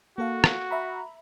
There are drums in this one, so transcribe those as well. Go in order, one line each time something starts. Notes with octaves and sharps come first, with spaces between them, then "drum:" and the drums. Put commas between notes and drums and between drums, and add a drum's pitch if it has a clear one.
A#3 F#4 A4 F5
drum: rim click
E5 A#5 B5